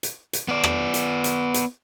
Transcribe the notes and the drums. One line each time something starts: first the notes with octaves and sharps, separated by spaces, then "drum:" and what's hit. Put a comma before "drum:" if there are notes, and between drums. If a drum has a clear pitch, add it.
drum: hi-hat
drum: hi-hat
B3 D5
drum: rim click
drum: hi-hat
drum: hi-hat
drum: hi-hat